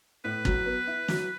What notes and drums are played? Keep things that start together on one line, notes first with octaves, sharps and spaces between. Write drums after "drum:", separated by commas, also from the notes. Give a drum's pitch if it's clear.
A2 B4
F#3, drum: kick
B3
E4
F#3, drum: snare